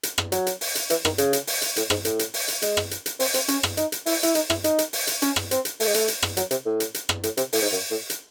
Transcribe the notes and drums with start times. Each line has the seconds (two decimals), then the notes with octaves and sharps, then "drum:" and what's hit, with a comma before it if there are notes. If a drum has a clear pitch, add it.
0.03 drum: hi-hat
0.18 drum: rim click
0.32 F#3, drum: hi-hat
0.47 drum: hi-hat
0.61 drum: open hi-hat
0.75 drum: hi-hat
0.90 E3, drum: hi-hat
1.05 D#3, drum: rim click
1.18 C#3, drum: hi-hat
1.33 drum: hi-hat
1.47 drum: open hi-hat
1.62 drum: hi-hat
1.76 A2, drum: hi-hat
1.90 G#2, drum: rim click
2.05 A2, drum: hi-hat
2.19 drum: hi-hat
2.34 drum: open hi-hat
2.48 drum: hi-hat
2.62 G#3, drum: hi-hat
2.77 drum: rim click
2.91 drum: hi-hat
3.06 drum: hi-hat
3.20 C4, drum: open hi-hat
3.34 C4, drum: hi-hat
3.48 C#4, drum: hi-hat
3.63 drum: rim click
3.77 D#4, drum: hi-hat
3.92 drum: hi-hat
4.06 E4, drum: open hi-hat
4.23 E4, drum: hi-hat
4.35 D#4, drum: hi-hat
4.50 E4, drum: rim click
4.64 D#4, drum: hi-hat
4.78 drum: hi-hat
4.93 drum: open hi-hat
5.07 drum: hi-hat
5.22 C#4, drum: hi-hat
5.36 drum: rim click
5.51 C4, drum: hi-hat
5.65 drum: hi-hat
5.80 A3, drum: open hi-hat
5.87 G#3
5.94 A3, drum: hi-hat
6.08 drum: hi-hat
6.22 drum: rim click
6.37 F#3, drum: hi-hat
6.51 C3, drum: hi-hat
6.66 A2
6.80 drum: hi-hat
6.94 drum: hi-hat
7.09 drum: rim click
7.23 A2, drum: hi-hat
7.37 C3, drum: hi-hat
7.53 A2, drum: open hi-hat
7.62 G#2
7.72 F#2
7.91 A2
8.10 drum: hi-hat